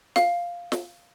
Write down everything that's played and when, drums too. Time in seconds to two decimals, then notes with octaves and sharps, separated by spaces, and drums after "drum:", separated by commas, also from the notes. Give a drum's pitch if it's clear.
0.16 F5, drum: snare
0.72 drum: snare